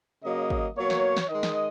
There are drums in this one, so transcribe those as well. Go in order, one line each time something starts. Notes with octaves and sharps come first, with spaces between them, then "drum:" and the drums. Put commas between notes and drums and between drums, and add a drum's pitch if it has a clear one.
C#3 F#3 A#3 D#5
drum: kick
B2 F#3 A#3 C#5
drum: snare
drum: snare
D#3 G#3 D#5
drum: snare